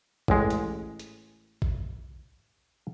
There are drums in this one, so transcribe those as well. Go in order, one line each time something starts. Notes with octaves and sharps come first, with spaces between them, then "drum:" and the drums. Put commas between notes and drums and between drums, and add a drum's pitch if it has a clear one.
A1 G#3, drum: kick A1
drum: hi-hat
drum: hi-hat
drum: kick A1